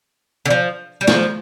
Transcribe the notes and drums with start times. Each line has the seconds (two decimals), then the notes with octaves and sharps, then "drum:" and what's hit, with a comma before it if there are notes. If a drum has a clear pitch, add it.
0.45 D3
0.50 F3
1.01 G3
1.07 F3, drum: snare